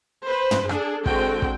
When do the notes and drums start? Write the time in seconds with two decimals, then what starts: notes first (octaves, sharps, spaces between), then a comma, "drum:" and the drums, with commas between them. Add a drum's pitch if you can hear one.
0.24 B4 C5
0.51 drum: tom
0.69 D4 G#4 A4, drum: rim click
1.06 D3 G#3 C4 F#4 G5, drum: kick
1.42 drum: kick